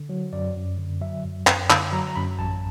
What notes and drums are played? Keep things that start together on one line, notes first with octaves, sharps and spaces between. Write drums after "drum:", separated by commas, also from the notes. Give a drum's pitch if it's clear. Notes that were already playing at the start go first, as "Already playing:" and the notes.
Already playing: D3
F#3
F#2 D5
F#2
D3
F#3 E5
F#2
F#2, drum: clap
D3 F5, drum: clap
F#3 A#5
A#5
F#2 B5
A1 A5